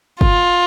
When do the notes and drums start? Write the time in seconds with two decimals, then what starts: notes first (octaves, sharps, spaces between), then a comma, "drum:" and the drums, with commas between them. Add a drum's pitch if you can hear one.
0.21 F4, drum: kick F#1